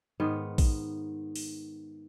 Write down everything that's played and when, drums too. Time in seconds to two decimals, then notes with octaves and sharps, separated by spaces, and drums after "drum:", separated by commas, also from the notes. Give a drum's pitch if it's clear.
0.20 G#2 D#3 B3
0.58 drum: kick A#1, open hi-hat
1.36 drum: open hi-hat